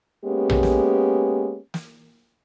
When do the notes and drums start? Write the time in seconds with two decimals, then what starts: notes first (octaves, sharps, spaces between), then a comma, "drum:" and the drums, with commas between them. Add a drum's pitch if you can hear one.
0.25 G#3 A#3 B3 C#4 G4
0.50 drum: tom A#1
0.63 drum: snare
1.74 drum: snare